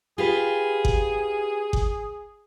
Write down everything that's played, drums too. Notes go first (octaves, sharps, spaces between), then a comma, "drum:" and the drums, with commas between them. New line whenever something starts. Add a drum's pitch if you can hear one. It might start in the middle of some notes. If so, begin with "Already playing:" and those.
F4 G4 G#4 B4
drum: kick G1
drum: kick G1